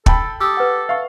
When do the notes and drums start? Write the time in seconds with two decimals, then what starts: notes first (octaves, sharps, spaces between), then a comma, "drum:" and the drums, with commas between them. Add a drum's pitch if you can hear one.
0.06 A4 G5 A5 B5, drum: kick
0.40 G4 A4 D#6 E6
0.57 B4 F#5
0.89 E5 F5 C#6